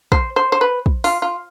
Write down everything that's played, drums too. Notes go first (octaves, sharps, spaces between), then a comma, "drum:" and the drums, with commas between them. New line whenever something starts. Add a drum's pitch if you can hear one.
C5, drum: kick
C5
C5
B4
drum: kick
F4, drum: open hi-hat
F4